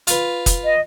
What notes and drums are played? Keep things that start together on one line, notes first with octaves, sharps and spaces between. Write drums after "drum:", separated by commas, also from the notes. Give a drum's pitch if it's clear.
F4 B4, drum: hi-hat
drum: kick, hi-hat
D#5